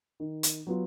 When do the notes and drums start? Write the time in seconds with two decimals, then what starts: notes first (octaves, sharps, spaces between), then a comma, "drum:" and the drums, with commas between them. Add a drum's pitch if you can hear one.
0.20 D#3
0.43 drum: hi-hat
0.67 F#3 B3 F4